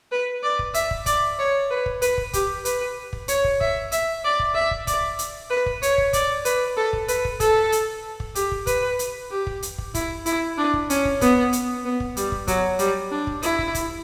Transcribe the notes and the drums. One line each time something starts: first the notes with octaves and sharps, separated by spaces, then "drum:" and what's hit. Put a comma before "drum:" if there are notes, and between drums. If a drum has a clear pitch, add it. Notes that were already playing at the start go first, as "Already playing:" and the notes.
B4
D5
drum: kick
E5, drum: hi-hat
drum: kick
D5, drum: kick, hi-hat
C#5
B4
drum: kick
B4, drum: hi-hat
drum: kick
G4, drum: kick, hi-hat
B4, drum: hi-hat
drum: kick
C#5, drum: hi-hat
drum: kick
E5, drum: kick
E5, drum: hi-hat
D5
drum: kick
E5
drum: kick
D5, drum: kick, hi-hat
drum: hi-hat
B4
drum: kick
C#5, drum: hi-hat
drum: kick
D5, drum: kick, hi-hat
B4, drum: hi-hat
A4
drum: kick
B4, drum: hi-hat
drum: kick
A4, drum: kick, hi-hat
drum: hi-hat
drum: kick
G4, drum: hi-hat
drum: kick
B4, drum: kick, hi-hat
drum: hi-hat
G4
drum: kick
drum: hi-hat
drum: kick
E4, drum: kick, hi-hat
E4, drum: hi-hat
D4
drum: kick
C#4, drum: hi-hat
drum: kick
B3, drum: kick, hi-hat
drum: hi-hat
B3
drum: kick
G3, drum: hi-hat
drum: kick
F#3, drum: kick, hi-hat
G3, drum: hi-hat
D4
drum: kick
E4, drum: hi-hat
drum: kick
drum: kick, hi-hat